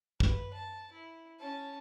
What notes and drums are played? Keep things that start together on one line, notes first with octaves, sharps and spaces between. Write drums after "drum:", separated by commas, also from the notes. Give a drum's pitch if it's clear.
B4, drum: kick
A5
E4
C#4 A5